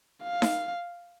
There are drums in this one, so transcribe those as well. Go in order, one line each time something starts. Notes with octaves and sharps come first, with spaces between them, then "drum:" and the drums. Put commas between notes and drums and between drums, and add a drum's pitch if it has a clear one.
F5
drum: snare D#4